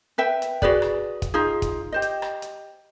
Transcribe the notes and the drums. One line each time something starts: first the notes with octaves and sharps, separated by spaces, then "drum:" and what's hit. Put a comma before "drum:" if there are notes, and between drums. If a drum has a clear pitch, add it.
B4 E5 G5
drum: hi-hat
F#4 G#4 B4 D5, drum: kick
drum: rim click
drum: kick, hi-hat
D#4 F4 G#4
drum: kick, hi-hat
G4 C5 D#5
drum: hi-hat
drum: rim click
drum: hi-hat